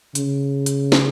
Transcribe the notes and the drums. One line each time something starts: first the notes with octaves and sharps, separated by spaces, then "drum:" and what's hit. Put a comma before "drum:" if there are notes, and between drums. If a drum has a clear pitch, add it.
C#3, drum: hi-hat
drum: hi-hat
drum: snare